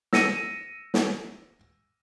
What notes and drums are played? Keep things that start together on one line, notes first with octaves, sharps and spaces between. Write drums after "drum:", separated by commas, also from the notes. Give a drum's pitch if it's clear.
E6 A#6 C#7 D#7, drum: snare
drum: snare